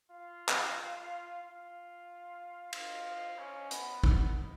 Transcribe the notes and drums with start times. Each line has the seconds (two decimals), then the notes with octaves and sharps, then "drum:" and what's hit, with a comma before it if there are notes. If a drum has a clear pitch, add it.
0.11 F4
0.49 drum: clap
1.42 F4
2.73 F4, drum: cymbal
3.38 C#4
3.71 B3, drum: hi-hat
4.04 B3, drum: kick